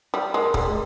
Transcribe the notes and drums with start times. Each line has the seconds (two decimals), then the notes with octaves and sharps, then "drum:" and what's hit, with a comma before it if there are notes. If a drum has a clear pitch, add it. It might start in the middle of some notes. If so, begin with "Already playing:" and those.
0.14 G3
0.33 G#3 A#4
0.54 G3 G#4, drum: kick
0.67 G#3